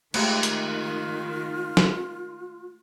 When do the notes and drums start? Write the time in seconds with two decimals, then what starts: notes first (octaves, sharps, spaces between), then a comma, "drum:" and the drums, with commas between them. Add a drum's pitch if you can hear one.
0.14 D#3 G#3 A3 F4 G4, drum: cymbal
0.43 drum: hi-hat
1.77 drum: snare